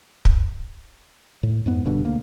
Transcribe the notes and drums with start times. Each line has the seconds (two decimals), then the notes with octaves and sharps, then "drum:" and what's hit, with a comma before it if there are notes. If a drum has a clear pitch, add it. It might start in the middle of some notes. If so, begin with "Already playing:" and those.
0.25 drum: kick
1.43 A2
1.66 F2 G#2 B3
1.85 F1 G2 B2 D3
2.05 D2 A#3